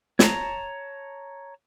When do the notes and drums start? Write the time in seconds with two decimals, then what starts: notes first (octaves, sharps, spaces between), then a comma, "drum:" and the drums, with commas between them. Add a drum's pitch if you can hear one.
0.19 C#5 A5 A#5, drum: snare